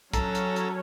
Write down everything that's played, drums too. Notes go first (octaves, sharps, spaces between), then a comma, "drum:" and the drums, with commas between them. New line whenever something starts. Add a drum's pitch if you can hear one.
F#3 C#4 A4 C#5 A#5, drum: kick, hi-hat
drum: hi-hat
drum: hi-hat